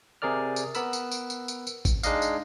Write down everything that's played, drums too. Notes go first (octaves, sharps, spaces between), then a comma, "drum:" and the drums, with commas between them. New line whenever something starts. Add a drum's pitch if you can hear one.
C3 G#4 A#4 D5 F6
drum: tambourine
B3 A#4 B5 E6, drum: tambourine
drum: tambourine
drum: tambourine
drum: tambourine
drum: tambourine
drum: tambourine
drum: kick A1, tambourine
G#3 D4 D#4 D#5 F5, drum: tambourine
drum: tambourine